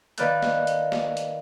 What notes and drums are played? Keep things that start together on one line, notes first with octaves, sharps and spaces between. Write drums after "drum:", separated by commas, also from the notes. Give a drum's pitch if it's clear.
D#3 B4 D5 F5 F#6 G6, drum: hi-hat
drum: snare
drum: hi-hat
drum: snare
drum: hi-hat